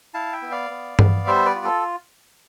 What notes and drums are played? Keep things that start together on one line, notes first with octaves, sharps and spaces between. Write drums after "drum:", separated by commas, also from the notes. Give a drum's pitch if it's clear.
E4 F5 A5
E5 G5
B3
D5 F5
B3
B3, drum: tom G2
G3 C5 E5
B4 D5
F4
A4